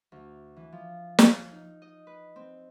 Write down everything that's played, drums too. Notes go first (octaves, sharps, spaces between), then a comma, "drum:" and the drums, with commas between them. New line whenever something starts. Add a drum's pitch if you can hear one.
D2
E3
F3
F6, drum: snare
D#4
D#5
B4
C4